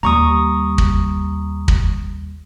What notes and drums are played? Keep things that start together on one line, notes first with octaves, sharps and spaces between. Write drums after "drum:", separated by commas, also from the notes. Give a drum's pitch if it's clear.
D#2 G3 A#5 C#6 D#6
drum: kick
drum: kick